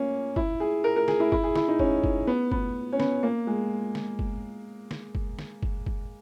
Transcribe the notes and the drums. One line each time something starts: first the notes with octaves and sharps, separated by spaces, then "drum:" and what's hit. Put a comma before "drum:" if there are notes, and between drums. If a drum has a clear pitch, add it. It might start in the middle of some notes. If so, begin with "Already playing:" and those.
Already playing: A#3 C#4
E4, drum: kick G1
G#4
A#4
A#4
G#4, drum: snare
E4
E4, drum: kick G1
G#4
E4, drum: snare
D#4
C#4, drum: kick G1
drum: kick G1
B3
B3, drum: kick G1
C#4
B3, drum: snare
A#3
G#3
drum: snare
drum: kick G1
drum: snare
drum: kick G1
drum: snare
drum: kick G1
drum: kick G1